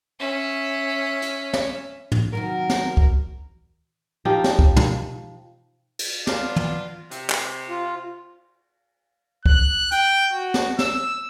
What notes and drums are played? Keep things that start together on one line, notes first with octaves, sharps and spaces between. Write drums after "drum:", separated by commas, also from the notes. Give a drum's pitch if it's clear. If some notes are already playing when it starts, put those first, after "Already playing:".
C#4 E5
drum: hi-hat
drum: snare
drum: tom
C3 D#3 F#3 F#4 A#4
drum: snare
drum: kick
F3 D#4 G4
drum: snare
drum: kick
drum: tom
drum: cymbal
B3 D4 F4, drum: snare
drum: tom
C3, drum: hi-hat
drum: clap
F4
F#6, drum: kick
G5, drum: hi-hat
F#4
drum: snare
E6, drum: snare